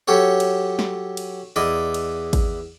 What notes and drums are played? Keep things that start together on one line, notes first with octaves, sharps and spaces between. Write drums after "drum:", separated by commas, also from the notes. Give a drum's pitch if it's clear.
F#3 C#4 G4 A4 C#5
drum: cymbal
drum: snare
drum: cymbal
E2 E4 D5 D#5
drum: cymbal
drum: kick G#1, cymbal